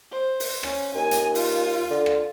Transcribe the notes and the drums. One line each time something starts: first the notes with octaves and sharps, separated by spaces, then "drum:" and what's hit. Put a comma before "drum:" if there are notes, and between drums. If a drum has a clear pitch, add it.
C5
drum: open hi-hat
C#4, drum: rim click
D#2 G#5
drum: hi-hat
F4, drum: open hi-hat
D3
drum: rim click